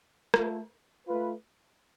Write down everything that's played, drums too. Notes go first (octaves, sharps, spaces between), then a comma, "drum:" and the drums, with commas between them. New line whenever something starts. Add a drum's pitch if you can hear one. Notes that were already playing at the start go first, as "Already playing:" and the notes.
A3 F4 A4, drum: rim click
A3 F4 B4